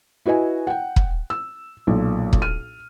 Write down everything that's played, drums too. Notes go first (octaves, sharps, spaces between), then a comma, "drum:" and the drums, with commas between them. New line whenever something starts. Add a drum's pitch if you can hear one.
E4 F#4 B4 D#5 G#5
F#5 G5
drum: kick
E6
B1 A#2
drum: kick
F6 D#7